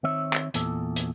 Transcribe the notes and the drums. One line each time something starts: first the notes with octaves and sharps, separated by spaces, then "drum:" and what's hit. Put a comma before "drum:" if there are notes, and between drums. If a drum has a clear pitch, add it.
D#3 C4 C#5 E5
drum: clap
E2 A#2 A4, drum: hi-hat
drum: hi-hat